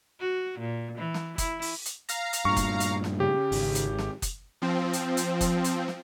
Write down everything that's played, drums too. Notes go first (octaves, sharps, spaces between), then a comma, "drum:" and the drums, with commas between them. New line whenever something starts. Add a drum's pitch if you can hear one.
F#4
A#2
E3
drum: snare
E4, drum: kick F#1, hi-hat
drum: open hi-hat
drum: hi-hat
F5 A#5, drum: hi-hat
drum: hi-hat
G2 A#2 C#6
drum: kick F#1, hi-hat
drum: hi-hat
drum: snare
C#3 G4
G#1, drum: open hi-hat
drum: hi-hat
drum: snare
drum: kick F#1, hi-hat
F3 C4
drum: hi-hat
drum: hi-hat
drum: kick F#1, hi-hat
drum: hi-hat
drum: snare